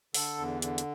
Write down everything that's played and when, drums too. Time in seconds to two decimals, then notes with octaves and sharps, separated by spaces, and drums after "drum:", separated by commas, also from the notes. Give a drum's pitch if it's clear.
0.14 D3 A4, drum: open hi-hat
0.38 E2
0.62 D3, drum: hi-hat
0.78 drum: hi-hat